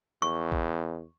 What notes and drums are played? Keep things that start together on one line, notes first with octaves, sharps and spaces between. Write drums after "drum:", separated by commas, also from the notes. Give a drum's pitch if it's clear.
E2 C#6
drum: kick